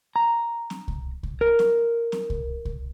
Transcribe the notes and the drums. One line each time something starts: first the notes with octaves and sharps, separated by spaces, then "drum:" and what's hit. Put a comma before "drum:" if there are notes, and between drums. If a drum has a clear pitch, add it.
A#5
drum: snare
drum: kick C2
drum: kick C2
A#4
drum: snare
drum: snare
drum: kick C2
drum: kick C2